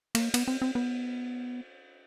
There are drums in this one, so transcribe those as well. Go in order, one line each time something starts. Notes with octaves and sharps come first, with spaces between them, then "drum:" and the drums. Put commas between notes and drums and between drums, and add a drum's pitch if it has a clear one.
A#3, drum: cymbal
B3, drum: cymbal
C4
C4
B3